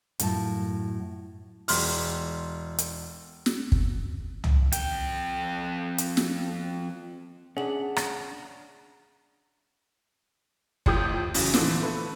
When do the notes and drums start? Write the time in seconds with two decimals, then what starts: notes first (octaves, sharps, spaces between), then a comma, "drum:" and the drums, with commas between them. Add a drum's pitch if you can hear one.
0.19 F#2 A2 F4 A5, drum: hi-hat
1.68 E1 C6 F6, drum: open hi-hat
2.78 drum: hi-hat
3.46 drum: snare
3.72 drum: kick
4.44 drum: tom
4.72 F2 G5, drum: hi-hat
5.98 drum: hi-hat
6.17 drum: snare
7.57 C#4 D4 G#4 E5 F#5 G#5 F#7
7.96 drum: rim click
10.86 A1 F2 G4 D#6 G6, drum: kick
11.34 E2 C#3 F#3, drum: open hi-hat
11.54 A#2 D3 E3 F3, drum: snare
11.81 A3 B4